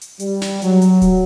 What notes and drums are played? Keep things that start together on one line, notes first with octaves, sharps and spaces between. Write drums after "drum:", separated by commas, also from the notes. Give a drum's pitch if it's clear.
drum: hi-hat
G3, drum: hi-hat
drum: snare
F#3, drum: hi-hat
drum: hi-hat
drum: kick D1, hi-hat